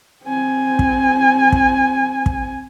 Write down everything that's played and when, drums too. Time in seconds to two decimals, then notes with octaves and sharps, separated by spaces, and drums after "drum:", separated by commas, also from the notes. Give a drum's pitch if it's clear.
0.24 C4 G#5
0.79 drum: kick
1.52 drum: kick
2.26 drum: kick